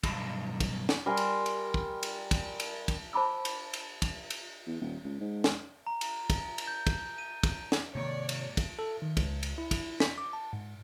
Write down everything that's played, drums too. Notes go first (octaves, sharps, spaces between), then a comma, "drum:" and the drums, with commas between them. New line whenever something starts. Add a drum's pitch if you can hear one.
B1 G2, drum: kick, cymbal
drum: kick, cymbal
drum: snare
G3 A#4 G#5 C6
drum: cymbal
drum: cymbal
drum: kick
drum: cymbal
drum: kick, cymbal
drum: cymbal
drum: kick, cymbal
C5 A5 B5 D6 E6
drum: cymbal
drum: cymbal
drum: kick, cymbal
drum: cymbal
E2
D#1
C#2
G#2
drum: snare
A#5
drum: cymbal
drum: kick, cymbal
drum: cymbal
G6
drum: kick, cymbal
D#7
drum: kick, cymbal
drum: snare
G#2 C3 D#3 A#3 C#5 D5
drum: cymbal
drum: kick, cymbal
A4
D#3
C#2, drum: kick, cymbal
drum: cymbal
E4
drum: kick, cymbal
B6, drum: snare
D6
A5
G#2